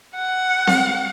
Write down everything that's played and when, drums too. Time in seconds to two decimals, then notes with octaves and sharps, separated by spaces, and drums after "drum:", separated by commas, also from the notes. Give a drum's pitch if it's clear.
0.15 F#5
0.67 drum: snare C4